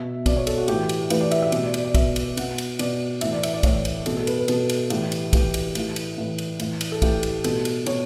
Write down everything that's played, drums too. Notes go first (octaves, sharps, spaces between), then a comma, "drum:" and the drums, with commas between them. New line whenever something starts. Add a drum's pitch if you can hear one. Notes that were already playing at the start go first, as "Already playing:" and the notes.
Already playing: B2 E5
B2 D5, drum: kick, cymbal
C#5
A4, drum: cymbal
F#4
A2 E3 G4, drum: cymbal
drum: cymbal
A2 E3 B4, drum: cymbal
D5
E5, drum: cymbal
E5
B2, drum: cymbal
D5
D5, drum: cymbal
D5
B2 E5, drum: kick, cymbal
drum: cymbal
B2 F#5, drum: cymbal
drum: cymbal
B2 D5, drum: cymbal
A2 E3 E5, drum: cymbal
D5
E5, drum: cymbal
D5
A2 E3 C#5, drum: kick, cymbal
drum: cymbal
B2 A4, drum: cymbal
A4
B4, drum: cymbal
B4
B2 A4, drum: cymbal
drum: cymbal
A2 E3 G4, drum: cymbal
drum: cymbal
A2 E3 G4, drum: kick, cymbal
drum: cymbal
A2 E3, drum: cymbal
drum: cymbal
A2 E3
drum: cymbal
A2 E3, drum: cymbal
drum: cymbal
A4
A2 E3 G4, drum: kick, cymbal
drum: cymbal
B2 A4, drum: cymbal
drum: cymbal
B2 C#5, drum: cymbal